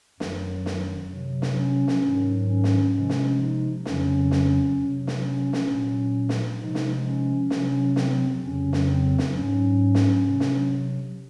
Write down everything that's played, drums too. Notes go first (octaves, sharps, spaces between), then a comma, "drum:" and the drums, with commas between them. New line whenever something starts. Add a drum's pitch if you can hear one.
F#2 D#3 F#3, drum: snare
drum: snare
C3 F#3
drum: snare
C#4
drum: snare
G#2 D#3 F#3
C#4
drum: snare
C3 F3 G#3 C#4
drum: snare
D#4
F2 C#3 F#3 C#4, drum: snare
drum: snare
C3 F#3
drum: snare
C#4
drum: snare
A#2 F#3
drum: snare
C3 F3 G#3 D#4
drum: snare
C#4
C3 F#3 C#4, drum: snare
C4, drum: snare
F2 C#3 F#3 C#4
drum: snare
C4
drum: snare
G#2 F#3 C#4
drum: snare
C3 F#3
drum: snare